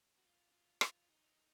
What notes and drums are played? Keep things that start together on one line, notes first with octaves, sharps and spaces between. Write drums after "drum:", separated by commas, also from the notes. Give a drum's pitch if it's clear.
F#4
F4
F4
F4, drum: rim click
D#4